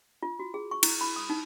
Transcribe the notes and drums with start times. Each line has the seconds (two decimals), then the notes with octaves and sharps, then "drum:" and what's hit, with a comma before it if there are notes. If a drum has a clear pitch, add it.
0.23 F4
0.39 F#4
0.54 G#4
0.71 C#6
0.83 E4, drum: cymbal
1.01 B5
1.16 D#6
1.30 D#4